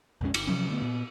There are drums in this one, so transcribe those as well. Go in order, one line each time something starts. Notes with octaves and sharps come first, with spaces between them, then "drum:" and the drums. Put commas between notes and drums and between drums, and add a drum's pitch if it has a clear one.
B1 F2 G#3 C#4
G1, drum: cymbal
C3 F3 F#3 C#4
D3 A3 B3
A#2 B3